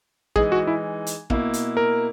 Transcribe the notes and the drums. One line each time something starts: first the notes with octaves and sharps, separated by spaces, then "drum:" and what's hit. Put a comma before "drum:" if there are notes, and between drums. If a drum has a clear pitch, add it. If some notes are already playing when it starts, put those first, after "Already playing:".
E3 G#3 D#4 G#4, drum: kick
F#4
E4
drum: hi-hat
B2 A#3 E4, drum: kick
drum: hi-hat
A#4